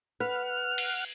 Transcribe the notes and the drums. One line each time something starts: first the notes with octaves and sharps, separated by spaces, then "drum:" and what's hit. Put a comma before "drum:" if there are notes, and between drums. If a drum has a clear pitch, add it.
B4 F#5 F6
drum: cymbal